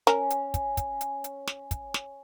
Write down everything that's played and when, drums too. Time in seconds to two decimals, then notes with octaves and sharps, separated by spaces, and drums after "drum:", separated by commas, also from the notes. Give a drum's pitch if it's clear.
0.07 C#4 A#4, drum: snare
0.30 drum: hi-hat
0.54 drum: kick, hi-hat
0.77 drum: kick, hi-hat
1.01 drum: hi-hat
1.24 drum: hi-hat
1.47 drum: snare
1.71 drum: kick, hi-hat
1.94 drum: snare